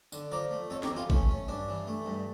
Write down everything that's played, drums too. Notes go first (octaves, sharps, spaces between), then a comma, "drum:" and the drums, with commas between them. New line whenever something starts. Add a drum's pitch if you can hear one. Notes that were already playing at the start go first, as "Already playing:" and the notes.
D3, drum: tambourine
F3 A#4 D5
A3
F2 A4 C#5
G4 A#4, drum: snare
E3
F4 A4
A3 C#4, drum: kick G#1
C#4
G2 D4
E3
A3
G2